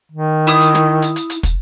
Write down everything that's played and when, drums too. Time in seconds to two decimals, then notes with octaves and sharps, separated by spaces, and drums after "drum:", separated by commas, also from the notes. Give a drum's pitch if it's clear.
0.12 D#3
0.47 E4 D#6, drum: hi-hat
0.61 drum: hi-hat
0.75 drum: snare
1.02 drum: hi-hat
1.16 drum: hi-hat
1.30 drum: hi-hat
1.43 drum: kick, hi-hat